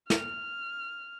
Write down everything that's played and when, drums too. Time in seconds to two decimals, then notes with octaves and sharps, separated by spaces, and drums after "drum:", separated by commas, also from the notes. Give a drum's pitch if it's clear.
0.10 F6, drum: snare